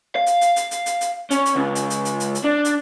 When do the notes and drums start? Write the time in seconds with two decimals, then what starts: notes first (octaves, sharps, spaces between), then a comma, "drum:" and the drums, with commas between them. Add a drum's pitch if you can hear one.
0.16 F5
0.26 drum: hi-hat
0.41 drum: hi-hat
0.56 drum: hi-hat
0.71 drum: hi-hat
0.86 drum: hi-hat
1.01 drum: hi-hat
1.31 C#4, drum: hi-hat
1.46 drum: hi-hat
1.55 C#2
1.75 drum: hi-hat
1.90 drum: hi-hat
2.05 drum: hi-hat
2.20 drum: hi-hat
2.35 drum: hi-hat
2.44 D4
2.65 drum: hi-hat